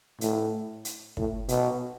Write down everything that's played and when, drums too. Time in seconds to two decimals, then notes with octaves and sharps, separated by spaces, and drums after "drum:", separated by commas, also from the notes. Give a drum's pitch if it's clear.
0.21 A2, drum: hi-hat
0.85 drum: hi-hat
1.17 A2, drum: kick
1.49 B2, drum: hi-hat